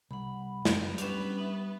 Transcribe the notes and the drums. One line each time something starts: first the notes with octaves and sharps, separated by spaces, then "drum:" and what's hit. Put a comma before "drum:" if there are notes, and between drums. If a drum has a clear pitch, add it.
C2 F#5 B5
F#2 A#4 B4, drum: snare
G3 B3 C#4 D4 B4, drum: hi-hat
D#4 E5